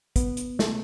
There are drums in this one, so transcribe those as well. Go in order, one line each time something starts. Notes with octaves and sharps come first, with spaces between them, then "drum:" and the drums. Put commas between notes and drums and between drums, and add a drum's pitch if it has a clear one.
B3, drum: kick, hi-hat
drum: hi-hat
A3, drum: snare